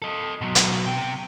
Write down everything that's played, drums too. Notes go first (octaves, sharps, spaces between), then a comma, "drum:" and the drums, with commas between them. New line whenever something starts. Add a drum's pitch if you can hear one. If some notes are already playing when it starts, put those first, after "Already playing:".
A4 D#5
B2 F#3
drum: hi-hat
C3 G5